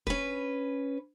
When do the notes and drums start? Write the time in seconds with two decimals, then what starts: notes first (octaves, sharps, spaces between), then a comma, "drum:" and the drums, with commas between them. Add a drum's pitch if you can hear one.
0.07 C#4 B4, drum: kick F1